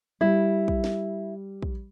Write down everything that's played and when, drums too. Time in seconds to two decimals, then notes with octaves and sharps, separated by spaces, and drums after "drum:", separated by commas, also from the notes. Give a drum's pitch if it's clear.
0.21 G3 E4
0.68 drum: kick
0.84 drum: snare
1.62 drum: kick